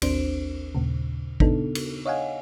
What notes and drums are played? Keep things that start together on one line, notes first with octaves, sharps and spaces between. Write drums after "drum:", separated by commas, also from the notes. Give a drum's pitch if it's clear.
A1 D#2 C4 D4 C5 D7, drum: cymbal
D#2 A#2 C#3
C#3 B3 D4 D#4 A4, drum: kick G#1
drum: cymbal
C#5 D#5 F5 F#5 G#5